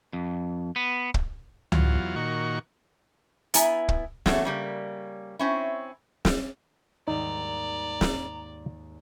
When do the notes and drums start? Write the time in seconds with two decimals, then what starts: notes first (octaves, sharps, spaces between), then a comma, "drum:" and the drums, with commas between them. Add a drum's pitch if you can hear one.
0.13 F2
0.76 B3
1.14 drum: kick
1.72 E2 F#3 F4, drum: tom C#2
2.16 A#2 D#3 F#4 C#6
3.54 B3 E4 G#5 A#5, drum: hi-hat
3.89 drum: kick
4.26 E2 A3 B3 F#4 C#5, drum: snare
4.45 C#3 G3 A#3
5.39 C4 C#4 E4
6.25 drum: snare
7.08 D#2 G#2 G3 D#4 D5 A#5
8.01 drum: snare